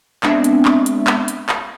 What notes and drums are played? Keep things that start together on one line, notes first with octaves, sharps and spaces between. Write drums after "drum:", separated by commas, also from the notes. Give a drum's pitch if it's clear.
G#3 B3 C4 D4 E5, drum: clap
drum: hi-hat
drum: clap
drum: hi-hat
drum: clap
drum: hi-hat
drum: clap